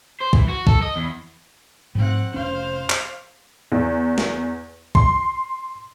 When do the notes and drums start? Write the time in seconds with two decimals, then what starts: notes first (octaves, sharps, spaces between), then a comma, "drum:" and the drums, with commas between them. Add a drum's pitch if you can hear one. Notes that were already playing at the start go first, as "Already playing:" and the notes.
0.20 C5
0.33 E3, drum: kick
0.48 F#4
0.67 A4, drum: kick
0.82 D#5
0.96 E2
1.95 G#2 F3 A3 C4 F#5
2.34 F1 C#4 C5 F5
2.90 drum: clap
3.72 E2
4.18 drum: snare
4.95 C6, drum: kick